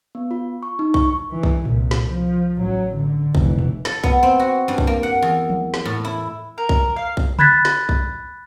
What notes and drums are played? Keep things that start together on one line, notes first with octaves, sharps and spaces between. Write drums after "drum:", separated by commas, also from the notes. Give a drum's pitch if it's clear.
B3
F4
C#6
D#4
C#6, drum: kick B1
E3
drum: kick B1
C2 A#2, drum: tom A2
drum: snare
F3
A1 F#3
D3
F1 E3, drum: kick B1
drum: tom A#2
A4, drum: snare
B3, drum: kick B1
C4
F#4
G2
drum: kick B1
A#3
F#5
E2
drum: tom F3
drum: snare
A2
E4
A#4
drum: kick B1
F5
drum: kick B1
B5 F#6 G#6 A6 B6, drum: tom
drum: snare
drum: kick B1